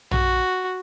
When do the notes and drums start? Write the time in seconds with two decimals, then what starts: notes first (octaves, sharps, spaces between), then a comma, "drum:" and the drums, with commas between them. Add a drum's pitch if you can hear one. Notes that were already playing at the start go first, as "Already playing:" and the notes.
0.11 F#4, drum: tom A#1